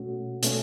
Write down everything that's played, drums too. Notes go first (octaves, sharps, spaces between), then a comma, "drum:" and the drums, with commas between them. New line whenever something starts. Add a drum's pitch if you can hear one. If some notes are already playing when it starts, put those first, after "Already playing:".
Already playing: B2 A3 C#4 F#4
B2 A3 C#4, drum: hi-hat